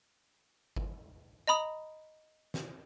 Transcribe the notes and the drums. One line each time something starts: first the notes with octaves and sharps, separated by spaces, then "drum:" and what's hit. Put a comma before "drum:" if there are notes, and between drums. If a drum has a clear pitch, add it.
drum: kick G1
D#5 A#5 B5 D#6
drum: snare